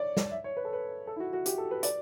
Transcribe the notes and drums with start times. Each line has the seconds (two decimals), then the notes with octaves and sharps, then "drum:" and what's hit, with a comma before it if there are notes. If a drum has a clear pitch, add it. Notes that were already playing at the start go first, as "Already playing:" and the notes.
Already playing: C#5 D5
0.17 drum: snare
0.31 E5
0.44 C#5
0.57 B4
0.65 A4
0.73 B4
1.07 A4
1.16 E4
1.20 F#4
1.33 F#4
1.46 G4, drum: hi-hat
1.58 A4
1.71 B4
1.83 D5, drum: hi-hat